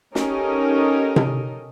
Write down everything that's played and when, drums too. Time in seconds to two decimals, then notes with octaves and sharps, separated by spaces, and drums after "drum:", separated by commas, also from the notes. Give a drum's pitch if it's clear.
0.15 C#4 D#4 G4 A4 A#4 D#5, drum: snare
1.16 drum: tom C3